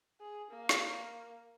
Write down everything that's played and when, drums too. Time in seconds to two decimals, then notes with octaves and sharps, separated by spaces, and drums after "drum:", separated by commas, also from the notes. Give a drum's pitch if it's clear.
0.21 G#4
0.51 A#3
0.69 drum: snare